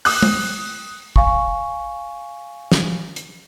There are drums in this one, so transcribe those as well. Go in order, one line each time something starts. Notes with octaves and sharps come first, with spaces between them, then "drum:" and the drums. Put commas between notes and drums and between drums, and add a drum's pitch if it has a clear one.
D#6 F#6, drum: open hi-hat
drum: tom G#3
F5 G#5 C#6, drum: kick
drum: snare
drum: hi-hat